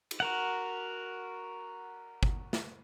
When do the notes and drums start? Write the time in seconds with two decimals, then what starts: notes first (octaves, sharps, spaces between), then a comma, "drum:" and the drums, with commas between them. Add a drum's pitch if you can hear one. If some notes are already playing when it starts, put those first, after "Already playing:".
0.11 drum: cymbal
0.20 F#4 A#4 F#5
2.23 drum: kick
2.53 drum: snare